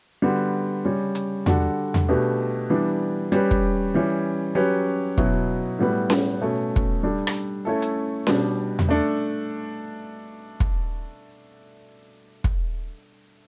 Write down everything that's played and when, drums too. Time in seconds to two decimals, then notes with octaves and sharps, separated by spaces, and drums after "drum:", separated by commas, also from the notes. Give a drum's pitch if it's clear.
0.22 D3 G3 B3 F#4
0.85 C#3 G3 C#4
1.15 drum: hi-hat
1.46 D3 G3 D4 F#4 A4, drum: tom E2
1.94 drum: tom E2
2.09 B2 A3 D4 G4 B4
2.70 E3 G3 B3 D4
3.32 G3 C#4 G4 B4, drum: hi-hat
3.51 drum: kick
3.94 E3 G3 C#4
4.55 F#3 C#4 G4 B4
5.18 B2 F#3 B3 E4, drum: kick
5.79 A2 G3 B3 F#4 B4
6.10 drum: snare C#4
6.41 B2 A3 C#4
6.76 drum: kick
7.03 G3 D4 A4
7.27 drum: rim click
7.65 A3 C#4 E4 A4
7.82 drum: hi-hat
8.27 B2 G3 D4, drum: snare C#4
8.79 drum: tom E2
8.89 A3 D4 A4
10.60 drum: kick
12.44 drum: kick